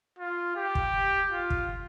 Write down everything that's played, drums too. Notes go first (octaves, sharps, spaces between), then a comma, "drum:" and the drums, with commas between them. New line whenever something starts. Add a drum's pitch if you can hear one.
F4
G4
drum: kick
F4
drum: kick